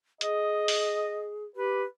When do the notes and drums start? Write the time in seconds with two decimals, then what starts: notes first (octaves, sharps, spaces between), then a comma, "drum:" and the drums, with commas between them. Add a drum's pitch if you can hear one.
0.21 G#4 D#5, drum: hi-hat
0.68 drum: open hi-hat
1.56 G4 B4